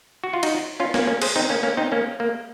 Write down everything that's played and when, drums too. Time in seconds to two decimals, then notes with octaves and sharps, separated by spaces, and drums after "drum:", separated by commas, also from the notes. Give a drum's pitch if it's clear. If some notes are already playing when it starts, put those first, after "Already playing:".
0.24 F#4
0.33 F4
0.43 D#4 F#4, drum: cymbal
0.80 C#4 F4
0.94 A#3 C#4, drum: snare
1.07 A#3 C#4
1.22 G#4 C5, drum: cymbal
1.36 C4 D#4
1.50 A#3 C#4
1.63 A#3 C#4
1.77 C4 D#4
1.92 A#3 C#4
2.20 A#3